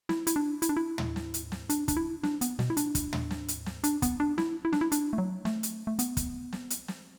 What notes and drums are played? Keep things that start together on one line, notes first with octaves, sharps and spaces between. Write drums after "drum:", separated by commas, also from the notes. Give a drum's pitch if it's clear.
E4, drum: snare
E4, drum: hi-hat
D4
E4, drum: hi-hat
D4
E4
drum: tom
drum: snare
drum: hi-hat
drum: snare
D4, drum: hi-hat
D4, drum: kick, hi-hat
E4
D4, drum: snare
B3, drum: hi-hat
B2, drum: snare
E4
D4, drum: hi-hat
drum: kick, hi-hat
drum: tom
drum: snare
drum: hi-hat
drum: snare
D4, drum: hi-hat
B3, drum: kick, hi-hat
D4
E4, drum: snare
E4
D4, drum: snare
E4
D4, drum: hi-hat
A3
F#3
A3, drum: snare
drum: hi-hat
A3
B3, drum: hi-hat
drum: kick, hi-hat
drum: snare
drum: hi-hat
drum: snare